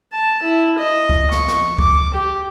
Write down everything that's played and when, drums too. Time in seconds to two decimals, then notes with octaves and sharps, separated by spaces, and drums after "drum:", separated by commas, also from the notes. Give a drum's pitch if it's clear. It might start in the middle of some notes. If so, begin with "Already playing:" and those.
0.13 A5
0.43 E4
0.78 D#5
1.09 drum: kick C#2
1.31 C#6, drum: snare
1.48 drum: snare
1.78 D6, drum: kick C#2
2.14 G4